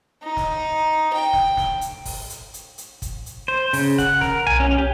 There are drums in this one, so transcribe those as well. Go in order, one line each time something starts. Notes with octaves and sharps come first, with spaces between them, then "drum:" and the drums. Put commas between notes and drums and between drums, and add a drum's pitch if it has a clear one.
D#4
drum: snare
G5
drum: snare
drum: snare
drum: hi-hat
drum: kick, open hi-hat
drum: hi-hat
drum: hi-hat
drum: hi-hat
drum: kick, hi-hat
drum: hi-hat
C5
C#3, drum: open hi-hat
F#5, drum: kick, hi-hat
A#4, drum: snare
G#5, drum: tom B1
C#4
G4